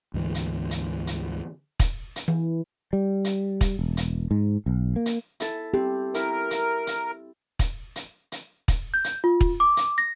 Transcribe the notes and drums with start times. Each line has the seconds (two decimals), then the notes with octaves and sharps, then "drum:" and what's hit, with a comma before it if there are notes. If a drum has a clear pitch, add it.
0.14 D2 G#2 E3
0.35 drum: hi-hat
0.71 drum: hi-hat
1.07 drum: hi-hat
1.80 drum: kick, hi-hat
2.16 drum: hi-hat
2.28 E3
2.93 G3
3.25 drum: hi-hat
3.61 drum: kick, hi-hat
3.79 E1
3.97 drum: hi-hat
4.31 G#2
4.66 B1
4.96 A#3
5.06 drum: hi-hat
5.40 E4 A4, drum: hi-hat
5.74 C4 G4
6.14 E4 A#4, drum: hi-hat
6.51 drum: hi-hat
6.87 drum: hi-hat
7.59 drum: kick, hi-hat
7.96 drum: hi-hat
8.32 drum: hi-hat
8.68 drum: kick, hi-hat
8.94 G6
9.04 drum: hi-hat
9.24 F4
9.41 drum: kick
9.60 D6
9.77 drum: hi-hat
9.98 A#6